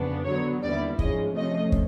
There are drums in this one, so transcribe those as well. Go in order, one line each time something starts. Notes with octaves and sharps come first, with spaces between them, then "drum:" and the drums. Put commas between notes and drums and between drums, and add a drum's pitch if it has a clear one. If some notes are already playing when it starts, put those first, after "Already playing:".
Already playing: F2 C#3 B3 D4
D3 F#3 B3 C#5
D#2 D3 G3 B3 E4 D5
G#2 F3 G#3 C#4 D#5, drum: kick
C3 F3 A3 C#4 D#5
drum: kick